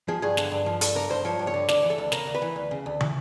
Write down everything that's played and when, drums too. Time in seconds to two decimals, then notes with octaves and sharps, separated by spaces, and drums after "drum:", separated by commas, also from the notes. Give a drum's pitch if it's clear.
0.08 F3 G#4
0.22 G2 G#4
0.37 D3, drum: snare
0.52 G2
0.66 F3
0.81 G2 A4, drum: hi-hat
0.95 D3 A#4
1.10 G2 C5
1.25 F3 C#5
1.39 G2
1.47 C#5
1.54 D3
1.68 D2 D5, drum: snare
1.83 E3
1.90 A4
1.98 D2
2.12 C#3 A#4, drum: snare
2.27 D2
2.35 B4
2.42 E3
2.56 D2
2.71 C#3
2.86 D2
3.01 E3, drum: tom